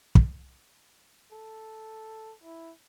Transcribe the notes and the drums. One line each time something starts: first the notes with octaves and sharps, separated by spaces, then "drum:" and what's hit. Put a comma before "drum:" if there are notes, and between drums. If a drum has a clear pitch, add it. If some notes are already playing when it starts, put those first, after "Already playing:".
drum: kick
A4
E4